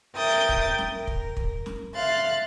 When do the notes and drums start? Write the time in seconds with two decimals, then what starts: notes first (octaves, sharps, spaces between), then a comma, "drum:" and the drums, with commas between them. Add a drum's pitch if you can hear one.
0.17 A#4 E5 G5 D#6 G6 A6
0.49 drum: kick
0.78 drum: snare
0.90 A#4
1.07 drum: kick
1.37 drum: kick
1.66 drum: snare
1.95 E5 F5 C6 F#6 A6